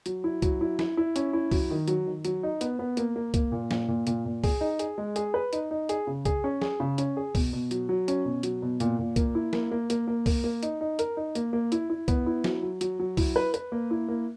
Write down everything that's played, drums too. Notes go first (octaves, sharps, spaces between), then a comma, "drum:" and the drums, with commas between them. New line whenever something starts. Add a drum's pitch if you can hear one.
F#3, drum: hi-hat
E4
F#3, drum: kick C2, hi-hat
E4
E4, drum: snare
E4
C#4, drum: hi-hat
E4
F#3, drum: kick C2, open hi-hat
D#3
F#3, drum: hi-hat
D#3
F#3, drum: hi-hat
D#4
B3, drum: hi-hat
B3
A#3, drum: hi-hat
A#3
A#3, drum: kick C2, hi-hat
A#2
A#2, drum: snare
A#2
A#2, drum: hi-hat
A#2
G#4, drum: kick C2, open hi-hat
D#4
G#4, drum: hi-hat
G#3
G#4, drum: hi-hat
B4
D#4, drum: hi-hat
D#4
G#4, drum: hi-hat
C#3
G#4, drum: kick C2, hi-hat
C#4
G#4, drum: snare
C#3
C#4, drum: hi-hat
G#4
B2, drum: kick C2, open hi-hat
B2
F#3, drum: hi-hat
F#3
C#4, drum: hi-hat
B2
F#3, drum: hi-hat
B2
A#2, drum: hi-hat
A#2
A#3, drum: kick C2, hi-hat
E4
A#3, drum: snare
A#3
A#3, drum: hi-hat
A#3
A#4, drum: kick C2, open hi-hat
A#3
D#4, drum: hi-hat
D#4
A#4, drum: hi-hat
D#4
A#3, drum: hi-hat
A#3
E4, drum: hi-hat
E4
B3, drum: kick C2, hi-hat
E4
F#3, drum: snare
F#3
F#3, drum: hi-hat
F#3
E4, drum: kick C2, open hi-hat
B4
B4, drum: hi-hat
A#3
E4
A#3